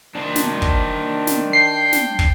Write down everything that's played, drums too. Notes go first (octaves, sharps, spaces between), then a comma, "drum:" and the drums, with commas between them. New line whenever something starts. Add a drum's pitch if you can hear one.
D#3 D4 C5
drum: snare
drum: kick
drum: snare
G5 C7
drum: snare
drum: kick